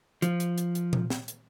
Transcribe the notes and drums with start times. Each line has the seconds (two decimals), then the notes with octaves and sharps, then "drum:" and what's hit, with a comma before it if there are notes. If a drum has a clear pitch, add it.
0.22 F3, drum: hi-hat
0.40 drum: hi-hat
0.58 drum: hi-hat
0.75 drum: hi-hat
0.93 drum: tom A#2
1.10 drum: snare
1.28 drum: hi-hat